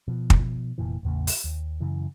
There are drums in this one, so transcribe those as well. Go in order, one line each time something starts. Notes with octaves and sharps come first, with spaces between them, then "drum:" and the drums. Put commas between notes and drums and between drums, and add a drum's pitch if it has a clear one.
B2 F3
drum: kick
F1 A#2 E3
A1 E2 C#3 A3
drum: open hi-hat
D#2
F#2 C#3 E3